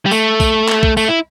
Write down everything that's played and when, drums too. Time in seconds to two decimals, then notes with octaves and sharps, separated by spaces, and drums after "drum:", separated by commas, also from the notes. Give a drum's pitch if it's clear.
0.06 G3
0.11 A3, drum: tambourine
0.40 drum: kick, tambourine
0.69 drum: clap
0.83 drum: kick
0.97 A3, drum: tambourine
1.08 E4